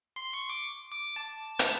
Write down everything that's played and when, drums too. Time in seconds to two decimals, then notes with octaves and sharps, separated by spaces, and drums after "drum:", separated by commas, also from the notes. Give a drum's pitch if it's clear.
0.16 C6
0.33 C#6
0.49 D6
0.92 D6
1.16 A5
1.59 drum: hi-hat